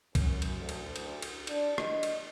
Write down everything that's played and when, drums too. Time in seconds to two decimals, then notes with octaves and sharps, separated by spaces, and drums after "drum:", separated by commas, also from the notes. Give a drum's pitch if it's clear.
0.15 F#2, drum: kick B1, cymbal
0.42 drum: cymbal
0.59 D2
0.69 drum: cymbal
0.96 drum: cymbal
1.22 drum: cymbal
1.47 D4, drum: cymbal
1.78 D#5, drum: rim click
2.03 drum: cymbal